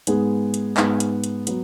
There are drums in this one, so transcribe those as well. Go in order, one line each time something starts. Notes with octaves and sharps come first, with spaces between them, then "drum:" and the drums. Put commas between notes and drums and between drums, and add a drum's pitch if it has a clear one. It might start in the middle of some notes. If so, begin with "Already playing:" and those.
G#2 G#3 B3 G#4, drum: hi-hat
drum: hi-hat
G#2 G#3 B3, drum: clap
drum: hi-hat
drum: hi-hat
F#3 B3, drum: hi-hat